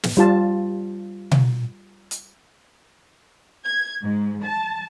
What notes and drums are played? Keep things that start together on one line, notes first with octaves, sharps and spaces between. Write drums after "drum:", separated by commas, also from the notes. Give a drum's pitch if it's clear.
drum: snare
G3 F4 A5
drum: tom B2
drum: hi-hat
G#6
G#2
A5